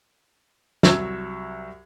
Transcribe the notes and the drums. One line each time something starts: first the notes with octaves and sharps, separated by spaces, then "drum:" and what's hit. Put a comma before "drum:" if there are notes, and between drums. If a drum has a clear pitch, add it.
C2 F#3 E5 C#6 E6 G#6, drum: snare